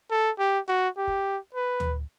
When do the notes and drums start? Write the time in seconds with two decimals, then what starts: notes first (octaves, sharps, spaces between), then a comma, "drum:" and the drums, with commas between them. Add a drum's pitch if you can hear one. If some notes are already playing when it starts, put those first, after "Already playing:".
0.10 A4
0.39 G4
0.68 F#4
0.97 G4
1.07 drum: kick
1.54 B4
1.80 drum: tom D2